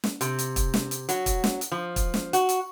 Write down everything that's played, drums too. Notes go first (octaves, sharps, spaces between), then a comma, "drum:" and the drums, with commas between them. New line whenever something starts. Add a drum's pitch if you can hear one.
drum: snare
C3, drum: hi-hat
drum: hi-hat
drum: kick, hi-hat
drum: snare
drum: hi-hat
F#3, drum: hi-hat
drum: kick, hi-hat
drum: snare
drum: hi-hat
F3
drum: kick, hi-hat
drum: snare
F#4, drum: hi-hat
drum: hi-hat